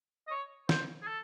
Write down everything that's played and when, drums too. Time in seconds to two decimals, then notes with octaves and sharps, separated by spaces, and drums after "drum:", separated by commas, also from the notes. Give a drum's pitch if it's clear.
0.27 D#5
0.31 C#5
0.69 C5, drum: snare
1.02 G#4
1.08 A4